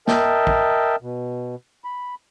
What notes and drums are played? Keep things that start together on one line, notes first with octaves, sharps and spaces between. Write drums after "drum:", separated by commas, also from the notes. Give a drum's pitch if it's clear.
A#4 D#5 E5 G5 A5, drum: snare
drum: kick
B2
B5